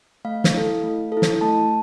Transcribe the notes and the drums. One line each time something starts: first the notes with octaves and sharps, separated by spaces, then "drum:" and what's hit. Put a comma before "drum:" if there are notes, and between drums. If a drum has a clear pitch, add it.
A3 F5
drum: snare
E4 A4
A3
E4 A4
drum: snare
A3 A5